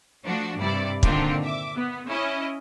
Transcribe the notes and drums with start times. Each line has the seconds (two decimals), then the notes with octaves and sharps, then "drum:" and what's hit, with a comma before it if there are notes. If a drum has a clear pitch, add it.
0.24 F3 A3 D4 F#4
0.60 G2 C3 E4 D5
1.03 A#2 D3 D#3 C4 D4 F4, drum: kick
1.43 E5 D6
1.76 B3
2.09 C#4 E4 D#5